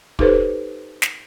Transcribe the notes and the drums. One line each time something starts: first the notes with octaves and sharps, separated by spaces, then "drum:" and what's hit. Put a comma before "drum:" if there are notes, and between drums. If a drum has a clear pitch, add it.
D#4 G4 A4 B4 C5, drum: kick
drum: snare